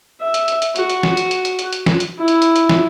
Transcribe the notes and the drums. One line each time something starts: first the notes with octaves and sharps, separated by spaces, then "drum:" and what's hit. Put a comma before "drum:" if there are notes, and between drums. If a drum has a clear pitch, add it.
E5
drum: hi-hat
drum: hi-hat
drum: hi-hat
F#4, drum: hi-hat
drum: hi-hat
drum: snare
drum: hi-hat
drum: hi-hat
drum: hi-hat
drum: hi-hat
drum: hi-hat
drum: snare
drum: hi-hat
E4
drum: hi-hat
drum: hi-hat
drum: hi-hat
drum: snare